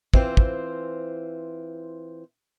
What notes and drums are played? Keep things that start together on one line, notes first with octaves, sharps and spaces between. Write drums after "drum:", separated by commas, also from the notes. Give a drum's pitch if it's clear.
E3 C4 F4 C5, drum: kick
drum: kick